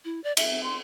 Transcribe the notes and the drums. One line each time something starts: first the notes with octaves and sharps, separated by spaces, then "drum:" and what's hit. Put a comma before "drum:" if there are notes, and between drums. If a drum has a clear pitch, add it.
E4
D5
E5, drum: cymbal
C6